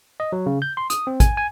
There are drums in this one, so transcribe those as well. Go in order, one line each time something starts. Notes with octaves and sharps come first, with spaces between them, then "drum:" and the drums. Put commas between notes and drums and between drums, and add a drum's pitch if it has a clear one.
D#5
F#3
C#3
G6
C6
D#6, drum: hi-hat
C4
G#5, drum: kick, hi-hat
G#5